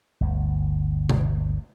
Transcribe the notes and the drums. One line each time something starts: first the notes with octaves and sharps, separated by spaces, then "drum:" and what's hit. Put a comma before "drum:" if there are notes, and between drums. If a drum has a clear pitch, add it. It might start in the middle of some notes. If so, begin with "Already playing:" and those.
G1 D2
drum: tom B2